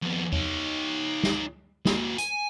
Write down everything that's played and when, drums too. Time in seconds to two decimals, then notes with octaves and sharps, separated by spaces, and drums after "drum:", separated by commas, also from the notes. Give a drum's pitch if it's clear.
0.02 F2 B3
0.32 D#4 C#5, drum: tom E2
1.23 drum: snare
1.85 A#3 F#4, drum: snare
2.18 G#5, drum: hi-hat